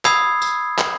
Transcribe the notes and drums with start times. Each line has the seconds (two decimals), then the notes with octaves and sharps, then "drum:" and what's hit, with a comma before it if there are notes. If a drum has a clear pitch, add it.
0.05 B5 D#6 E6 G#6 C7, drum: clap
0.42 drum: tambourine
0.78 drum: clap